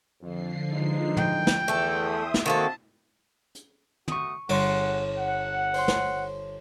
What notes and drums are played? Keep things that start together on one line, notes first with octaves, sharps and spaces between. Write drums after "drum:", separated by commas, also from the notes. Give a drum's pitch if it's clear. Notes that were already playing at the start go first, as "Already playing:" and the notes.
F2 D3 F3 C7
E3 G#3 D#4
G5, drum: tom
drum: snare
E2 A3 A4 E5 C6 D#6
drum: snare
D#3 A#3 C4 F#4 A4 A5
drum: hi-hat
A3 F#4 C#6 D#6 D#7, drum: tom
G1 G#4 C#5 F#5 C6, drum: cymbal
F#5
C5 C#5 C6, drum: open hi-hat
drum: snare